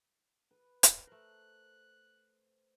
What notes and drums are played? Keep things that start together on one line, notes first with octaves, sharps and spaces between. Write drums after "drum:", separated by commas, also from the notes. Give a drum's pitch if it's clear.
B4
drum: hi-hat
A3 A#4 C5 F#6